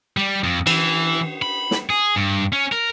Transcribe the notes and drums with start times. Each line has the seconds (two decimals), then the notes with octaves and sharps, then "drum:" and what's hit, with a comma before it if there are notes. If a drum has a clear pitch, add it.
0.17 G3
0.44 F2
0.67 E3, drum: cymbal
1.42 B5
1.71 drum: snare
1.90 G#4
2.16 G2
2.53 C#4
2.72 A#4